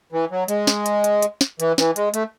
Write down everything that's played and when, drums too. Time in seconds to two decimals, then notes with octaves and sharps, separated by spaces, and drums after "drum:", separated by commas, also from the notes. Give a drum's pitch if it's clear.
0.12 E3
0.31 F#3
0.48 G#3, drum: hi-hat
0.67 drum: snare
0.86 drum: hi-hat
1.04 drum: hi-hat
1.22 drum: hi-hat
1.41 drum: snare
1.60 E3, drum: hi-hat
1.78 E3, drum: snare
1.96 G#3, drum: hi-hat
2.14 A3, drum: hi-hat